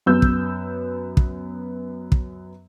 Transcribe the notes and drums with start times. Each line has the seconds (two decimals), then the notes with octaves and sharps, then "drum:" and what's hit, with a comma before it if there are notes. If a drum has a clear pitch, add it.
0.06 F#2 B3 E6 G6
0.22 drum: kick
1.17 drum: kick
2.12 drum: kick